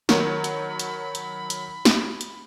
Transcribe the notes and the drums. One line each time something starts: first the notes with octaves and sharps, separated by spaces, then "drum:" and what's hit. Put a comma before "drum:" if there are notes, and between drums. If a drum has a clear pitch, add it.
D#3 F#3 A#4 B5, drum: snare
drum: hi-hat
drum: hi-hat
drum: hi-hat
drum: hi-hat
drum: snare
drum: hi-hat